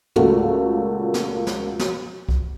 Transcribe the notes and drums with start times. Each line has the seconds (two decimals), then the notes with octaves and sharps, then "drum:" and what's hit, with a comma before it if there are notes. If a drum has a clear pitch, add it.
0.16 C#2 A#2 A3 A#3 F#4, drum: tom
1.14 drum: snare
1.47 drum: snare
1.79 drum: snare
2.29 drum: kick B1